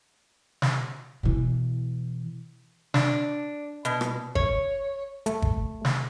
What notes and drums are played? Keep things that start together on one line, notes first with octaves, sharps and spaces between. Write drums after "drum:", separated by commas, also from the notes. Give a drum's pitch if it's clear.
drum: snare
B2 E3
D4, drum: snare
B2, drum: hi-hat
drum: rim click
C#5, drum: kick
A3, drum: hi-hat
drum: kick
drum: snare